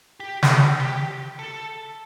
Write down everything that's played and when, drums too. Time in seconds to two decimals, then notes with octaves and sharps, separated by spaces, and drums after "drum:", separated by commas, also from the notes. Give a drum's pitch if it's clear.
0.20 G4
0.43 drum: snare
0.80 G4
1.39 A4